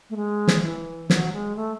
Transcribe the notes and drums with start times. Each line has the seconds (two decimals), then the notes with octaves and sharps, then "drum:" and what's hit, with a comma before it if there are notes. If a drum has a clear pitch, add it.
0.10 A3
0.16 G#3
0.48 drum: snare
0.63 E3
1.10 F#3, drum: snare
1.32 G#3
1.56 A3